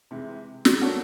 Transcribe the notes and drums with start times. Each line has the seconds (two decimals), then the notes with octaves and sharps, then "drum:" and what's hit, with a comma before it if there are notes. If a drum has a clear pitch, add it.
0.11 C3 E3 G#3
0.65 drum: snare
0.80 A#3 D4 F#4 A4 C#5